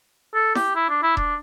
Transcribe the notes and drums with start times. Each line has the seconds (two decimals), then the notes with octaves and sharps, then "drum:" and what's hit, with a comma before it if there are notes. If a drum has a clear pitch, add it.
0.35 A4
0.55 G4, drum: snare E4
0.76 E4
0.90 D4
1.03 E4
1.17 D4, drum: kick E1